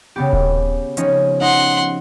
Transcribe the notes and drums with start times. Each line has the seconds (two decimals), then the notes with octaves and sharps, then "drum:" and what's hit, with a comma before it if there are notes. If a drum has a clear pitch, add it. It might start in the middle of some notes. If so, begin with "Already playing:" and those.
0.16 C#3 B3 G4
0.33 drum: kick D#1
0.97 F3 C#4 D#4, drum: hi-hat
1.41 D#4 F#5 C6